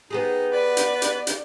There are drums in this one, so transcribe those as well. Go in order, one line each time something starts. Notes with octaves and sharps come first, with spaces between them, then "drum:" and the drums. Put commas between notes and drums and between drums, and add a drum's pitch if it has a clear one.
B3 D#4 G4 G#4
B4 D5
drum: hi-hat
drum: hi-hat
drum: hi-hat